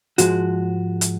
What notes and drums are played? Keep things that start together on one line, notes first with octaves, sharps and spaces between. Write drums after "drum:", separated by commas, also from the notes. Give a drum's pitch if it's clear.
G#2 F3 G#3 F#4, drum: hi-hat
drum: hi-hat